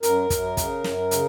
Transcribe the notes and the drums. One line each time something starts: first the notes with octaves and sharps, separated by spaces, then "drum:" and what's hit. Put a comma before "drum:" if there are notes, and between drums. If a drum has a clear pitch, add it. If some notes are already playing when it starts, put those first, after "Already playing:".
F#2 A#4, drum: hi-hat
F#2, drum: kick, hi-hat
C#3, drum: kick, hi-hat
F#2, drum: snare
C#3, drum: hi-hat